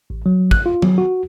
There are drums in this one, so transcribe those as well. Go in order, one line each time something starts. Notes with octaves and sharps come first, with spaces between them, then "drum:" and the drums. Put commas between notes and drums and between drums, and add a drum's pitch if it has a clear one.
A1
F#3
F#6, drum: kick
F4
F#3, drum: tom
F#4